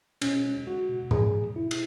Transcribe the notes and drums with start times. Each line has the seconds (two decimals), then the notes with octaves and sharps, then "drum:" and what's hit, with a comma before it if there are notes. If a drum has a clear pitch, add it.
0.22 B2 C#4, drum: cymbal
0.44 G#3
0.67 G#3 F#4
0.88 B2
1.11 G#3 G#4, drum: tom G#2
1.34 B2
1.56 B2 E4
1.71 drum: cymbal